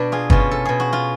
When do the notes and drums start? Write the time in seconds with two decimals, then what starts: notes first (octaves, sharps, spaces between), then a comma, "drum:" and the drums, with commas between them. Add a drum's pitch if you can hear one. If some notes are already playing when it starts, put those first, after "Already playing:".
Already playing: B2 B3 D4
0.12 F4 G#4
0.30 B2 C#4 F4, drum: kick
0.51 A4
0.65 B2 G#4
0.80 F#4
0.93 F4